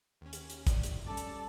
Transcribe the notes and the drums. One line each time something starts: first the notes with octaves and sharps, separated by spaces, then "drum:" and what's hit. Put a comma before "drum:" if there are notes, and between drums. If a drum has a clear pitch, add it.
D#2 C#4
drum: hi-hat
drum: hi-hat
A#1 D#2 A2 D5, drum: kick, hi-hat
drum: hi-hat
G3 C#4 A4 D5
drum: hi-hat